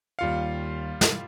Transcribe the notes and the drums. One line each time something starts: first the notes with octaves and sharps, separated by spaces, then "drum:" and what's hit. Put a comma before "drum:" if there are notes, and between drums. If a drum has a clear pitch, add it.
D#2 G3 F4 F5 C#7
drum: snare